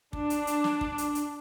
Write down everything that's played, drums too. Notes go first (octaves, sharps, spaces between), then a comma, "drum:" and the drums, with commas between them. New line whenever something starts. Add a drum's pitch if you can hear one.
D4, drum: kick
drum: hi-hat
drum: hi-hat
drum: snare
drum: kick
drum: hi-hat
drum: hi-hat